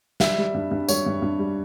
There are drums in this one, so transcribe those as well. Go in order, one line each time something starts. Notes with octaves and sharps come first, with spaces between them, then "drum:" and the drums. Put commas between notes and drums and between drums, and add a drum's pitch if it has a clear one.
G3 E5, drum: snare
G3
G2
G2
G3 C#5, drum: tambourine
G2
G2
G3